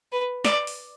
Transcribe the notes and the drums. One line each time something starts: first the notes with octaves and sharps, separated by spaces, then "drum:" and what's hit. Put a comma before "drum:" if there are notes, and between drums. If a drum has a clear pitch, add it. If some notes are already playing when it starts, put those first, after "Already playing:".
B4
D5, drum: snare
drum: open hi-hat